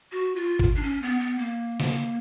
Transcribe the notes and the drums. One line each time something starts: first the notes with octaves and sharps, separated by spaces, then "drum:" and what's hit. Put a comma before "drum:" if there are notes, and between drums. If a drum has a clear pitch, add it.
F#4
F4
drum: kick
D4
C#4
B3
B3
A#3
drum: snare